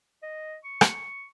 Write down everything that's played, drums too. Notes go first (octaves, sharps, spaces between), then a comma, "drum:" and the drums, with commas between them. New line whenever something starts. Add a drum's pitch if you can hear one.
D#5
C#6
drum: rim click